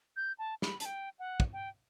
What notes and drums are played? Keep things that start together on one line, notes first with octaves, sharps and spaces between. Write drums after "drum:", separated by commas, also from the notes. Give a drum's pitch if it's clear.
G6
A5
B5, drum: snare
A5, drum: hi-hat
G5
F#5
drum: kick
G5